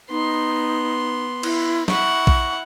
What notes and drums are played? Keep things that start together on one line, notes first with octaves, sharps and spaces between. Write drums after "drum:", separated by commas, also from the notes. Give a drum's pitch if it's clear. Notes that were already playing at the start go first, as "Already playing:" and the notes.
B3 D#4 C6
E4, drum: cymbal
E4 F#5 C#6, drum: snare
drum: kick A#1